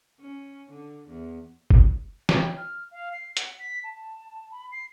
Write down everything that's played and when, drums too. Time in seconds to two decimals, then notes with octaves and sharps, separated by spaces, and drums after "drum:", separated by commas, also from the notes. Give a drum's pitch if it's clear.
0.20 C#4
0.71 D3
1.08 E2
1.70 drum: kick
2.29 G5, drum: snare
2.57 F6
2.91 F5
3.13 C7
3.37 F#5, drum: hi-hat
3.59 B6
3.84 A5
4.51 B5
4.72 C7